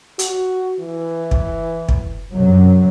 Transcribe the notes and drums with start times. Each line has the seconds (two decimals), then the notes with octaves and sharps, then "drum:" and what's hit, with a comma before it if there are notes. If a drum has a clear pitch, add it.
0.19 F#4, drum: hi-hat
0.79 E3
1.31 drum: kick
1.89 drum: kick
2.32 F#2 C3 F#3